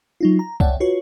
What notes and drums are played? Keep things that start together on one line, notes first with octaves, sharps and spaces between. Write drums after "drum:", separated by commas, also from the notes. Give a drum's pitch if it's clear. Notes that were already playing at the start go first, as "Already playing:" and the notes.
F#3 D#4 F4
A#5
C#5 D5 E5 F#5 G5 A5, drum: kick C2
F4 F#4 B4 C#5